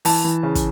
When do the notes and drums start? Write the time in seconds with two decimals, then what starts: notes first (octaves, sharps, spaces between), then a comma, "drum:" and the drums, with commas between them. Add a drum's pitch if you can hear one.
0.05 E3 A5, drum: open hi-hat
0.24 E3
0.43 C#3
0.55 drum: kick, hi-hat